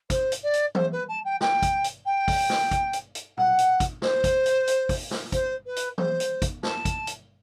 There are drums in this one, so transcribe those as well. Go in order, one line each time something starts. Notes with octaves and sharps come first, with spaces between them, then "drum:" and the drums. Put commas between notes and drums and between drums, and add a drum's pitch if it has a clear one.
C5, drum: kick, hi-hat
drum: hi-hat
D5
drum: hi-hat
C5, drum: tom E3
B4
A5
G5
G5, drum: snare
drum: kick, hi-hat
drum: hi-hat
G5
drum: kick, open hi-hat
drum: snare
drum: kick, hi-hat
drum: hi-hat
drum: hi-hat
F#5, drum: tom A#2
drum: hi-hat
drum: kick, hi-hat
C5, drum: snare
drum: kick, hi-hat
drum: hi-hat
drum: hi-hat
drum: kick, open hi-hat
drum: snare
C5, drum: kick, hi-hat
B4
drum: hi-hat
C5, drum: tom E3
drum: hi-hat
drum: kick, hi-hat
A5, drum: snare
drum: kick, hi-hat
drum: hi-hat